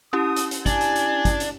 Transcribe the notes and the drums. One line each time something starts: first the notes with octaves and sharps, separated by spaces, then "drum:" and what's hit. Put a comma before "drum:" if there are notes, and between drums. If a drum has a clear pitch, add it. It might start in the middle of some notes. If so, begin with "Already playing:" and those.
C#4 E4 G4 D#6
drum: hi-hat
drum: hi-hat
D4 G#5 G#6, drum: kick G#1, hi-hat
drum: hi-hat
drum: hi-hat
drum: kick G#1, hi-hat
drum: hi-hat